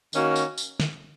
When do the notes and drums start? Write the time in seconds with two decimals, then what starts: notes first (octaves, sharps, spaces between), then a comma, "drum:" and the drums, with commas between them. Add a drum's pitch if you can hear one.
0.13 D#3 A#3 C#4 F#4, drum: tambourine
0.36 drum: tambourine
0.58 drum: tambourine
0.80 drum: snare